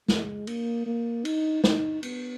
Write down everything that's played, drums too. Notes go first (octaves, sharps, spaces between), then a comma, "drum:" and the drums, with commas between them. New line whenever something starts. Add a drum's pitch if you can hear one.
G#3, drum: snare
A#3, drum: cymbal
A#3
D#4, drum: cymbal
D#4, drum: snare
B3, drum: cymbal